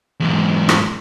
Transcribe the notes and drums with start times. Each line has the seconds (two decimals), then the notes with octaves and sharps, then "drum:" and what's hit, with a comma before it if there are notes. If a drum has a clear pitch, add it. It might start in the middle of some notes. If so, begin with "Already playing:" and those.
0.20 E2 G#2
0.69 drum: rim click